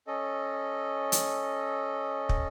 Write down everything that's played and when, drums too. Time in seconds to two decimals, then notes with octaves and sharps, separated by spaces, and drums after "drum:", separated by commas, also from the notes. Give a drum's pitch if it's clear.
0.07 C#4 A4 D#5
1.12 drum: hi-hat
2.29 drum: kick